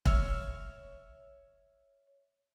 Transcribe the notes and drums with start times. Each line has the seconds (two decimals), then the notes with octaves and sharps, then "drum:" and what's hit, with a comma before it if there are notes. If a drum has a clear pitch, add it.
0.05 C#5 E5 F6, drum: kick